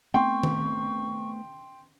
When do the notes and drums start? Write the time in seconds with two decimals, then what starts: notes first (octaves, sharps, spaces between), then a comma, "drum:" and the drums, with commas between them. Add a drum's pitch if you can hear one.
0.14 A3 B3 C4 G5 C6 C#6
0.43 drum: tom D#3